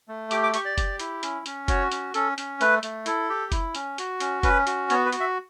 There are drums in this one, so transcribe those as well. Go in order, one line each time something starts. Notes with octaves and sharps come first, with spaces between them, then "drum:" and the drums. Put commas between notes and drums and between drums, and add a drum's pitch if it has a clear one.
A3
G4 D6, drum: hi-hat
D6
G4 C#6, drum: hi-hat
D5
G4, drum: kick F#1, hi-hat
E4, drum: hi-hat
C#4, drum: hi-hat
C#4, drum: hi-hat
F#4 C#5, drum: kick F#1, hi-hat
C#4, drum: hi-hat
C#4 A4, drum: hi-hat
C#4, drum: hi-hat
A3 B4, drum: hi-hat
A3, drum: hi-hat
E4 A4, drum: hi-hat
G4
E4, drum: kick F#1, hi-hat
C#4, drum: hi-hat
F#4, drum: hi-hat
C#4, drum: hi-hat
C#4 B4, drum: kick F#1, hi-hat
F#4, drum: hi-hat
B3 C#5, drum: hi-hat
B4
F#4, drum: hi-hat
E5